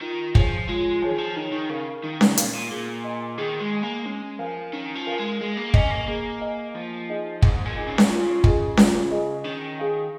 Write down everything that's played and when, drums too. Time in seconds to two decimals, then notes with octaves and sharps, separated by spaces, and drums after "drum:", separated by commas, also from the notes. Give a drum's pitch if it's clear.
0.01 D#3 F4
0.35 F3 G#4 C#5 G#5, drum: kick
0.68 G#3 F4
1.02 F3 G#4 C#5 G#5
1.11 D#3
1.18 F3
1.36 D#3 D#4
1.52 D#3
1.70 C#3 A#4 F5
2.03 D#3 D#4
2.21 C#3, drum: snare C#4
2.37 A#2 A#4 F5, drum: hi-hat
2.54 A#2
2.71 A#2 G#4
3.04 D#5 G#5
3.38 D#3 G#4
3.60 G#3
3.72 D#5 G#5
3.83 A#3
4.06 G#3 C#4
4.39 F3 A#4 F5 G#5
4.73 D#3 C#4
4.95 F3
5.06 A#4 F5 G#5
5.18 G#3
5.41 G#3 G#4
5.57 A#3
5.74 C#4 D#5 G#5, drum: kick
5.91 A#3
6.08 A#3 G#4
6.41 D#5 G#5
6.75 F3 A#3
7.09 D#4 G#4 D#5 G#5
7.42 G#2 A#3, drum: kick
7.65 A#2
7.76 D#4 G#4 D#5 G#5
7.87 C#3
7.98 drum: snare C#4
8.09 F4
8.44 G#4 D#5 G#5, drum: kick
8.77 F4, drum: snare C#4
9.11 G#4 D#5 G#5
9.44 D#3 C#4
9.78 G#4 F5 G#5